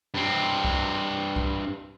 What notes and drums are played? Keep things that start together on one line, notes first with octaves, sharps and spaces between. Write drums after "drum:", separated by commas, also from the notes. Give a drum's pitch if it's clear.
G2 C4
drum: kick C2
drum: kick C2